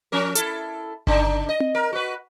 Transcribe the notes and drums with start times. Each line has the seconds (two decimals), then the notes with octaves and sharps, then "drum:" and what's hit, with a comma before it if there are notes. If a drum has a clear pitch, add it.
0.12 F3 C#4 A#4
0.35 E4 A4, drum: hi-hat
1.07 C#3 D4 D#4, drum: kick G1
1.49 D#5
1.60 drum: tom C4
1.75 A#4
1.93 F#4 B4